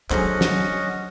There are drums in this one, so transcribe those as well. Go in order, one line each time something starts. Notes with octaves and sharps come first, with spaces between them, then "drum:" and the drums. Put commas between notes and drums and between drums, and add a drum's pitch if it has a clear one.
F#3 C#4 D4 G#4 A4 C5 D#5 F#5, drum: clap
drum: snare